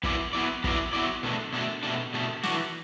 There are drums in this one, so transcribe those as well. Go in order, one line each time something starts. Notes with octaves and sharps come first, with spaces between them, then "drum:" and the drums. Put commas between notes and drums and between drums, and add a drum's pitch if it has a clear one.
F#3 B3 E4 D5, drum: kick
F#3 B3 E4 D5
F#3 B3 E4 D5, drum: kick
F#3 B3 E4 D5
B2 A3 D4
B2 A3 D4
B2 A3 D4
B2 A3 D4
E3 D4 F#4, drum: snare